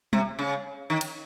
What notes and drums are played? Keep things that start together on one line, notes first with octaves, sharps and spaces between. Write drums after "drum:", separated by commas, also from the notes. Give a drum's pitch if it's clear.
C3, drum: tom
C#3
D#3
drum: cymbal